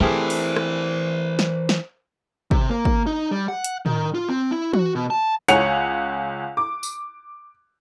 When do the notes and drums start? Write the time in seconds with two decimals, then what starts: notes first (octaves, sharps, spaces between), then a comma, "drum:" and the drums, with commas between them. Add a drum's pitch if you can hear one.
0.01 E3 A3 C4 G4 G#4 A#4 C5
0.30 drum: open hi-hat
0.56 drum: rim click
1.39 drum: snare
1.69 drum: snare
2.51 C3, drum: kick
2.69 A#3
2.85 drum: kick
3.06 D#4
3.31 G3
3.48 F#5
3.64 drum: hi-hat
3.86 D#3, drum: tom A2
4.15 F4
4.28 C4
4.51 E4
4.74 F#4, drum: tom E3
4.95 B2
5.10 A5
5.48 C#2 C#5 F#5 G#5 C#7 F7, drum: hi-hat
6.57 D6
6.83 drum: tambourine